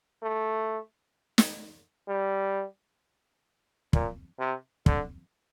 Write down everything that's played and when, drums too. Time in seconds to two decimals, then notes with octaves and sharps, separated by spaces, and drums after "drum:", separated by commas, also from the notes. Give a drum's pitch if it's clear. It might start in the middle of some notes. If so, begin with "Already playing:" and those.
0.23 A3
1.38 drum: snare
2.08 G3
3.93 A#2, drum: kick
4.39 C3
4.86 D3, drum: kick